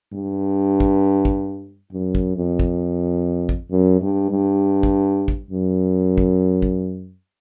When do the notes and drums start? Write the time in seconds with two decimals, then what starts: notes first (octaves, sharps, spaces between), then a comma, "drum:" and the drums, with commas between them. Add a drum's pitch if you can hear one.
0.13 G2
0.80 drum: kick
1.25 drum: kick
1.92 F#2
2.15 drum: kick
2.37 F2
2.59 drum: kick
3.49 drum: kick
3.71 F#2
4.01 G2
4.31 G2
4.83 drum: kick
5.28 drum: kick
5.51 F#2
6.18 drum: kick
6.62 drum: kick